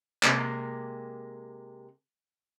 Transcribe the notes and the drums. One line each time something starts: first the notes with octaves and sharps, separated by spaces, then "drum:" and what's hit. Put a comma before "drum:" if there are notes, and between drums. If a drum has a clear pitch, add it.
C3 D#3 G#3 A#3, drum: clap